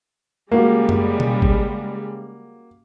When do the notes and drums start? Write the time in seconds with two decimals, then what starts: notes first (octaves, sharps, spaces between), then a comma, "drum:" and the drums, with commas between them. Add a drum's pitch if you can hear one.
0.52 C#3 G3 G#3 A#3 F#4
0.89 drum: tom F#2
1.20 drum: tom B2
1.42 drum: kick